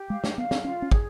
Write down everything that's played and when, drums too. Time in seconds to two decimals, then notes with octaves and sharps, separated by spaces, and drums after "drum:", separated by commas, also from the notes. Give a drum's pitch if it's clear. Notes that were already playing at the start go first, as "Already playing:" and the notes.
Already playing: G4
0.10 G#3 F5
0.24 A3, drum: snare
0.37 B3 F5
0.51 C4, drum: snare
0.64 C#4 F4
0.82 C#4
0.91 G#4, drum: kick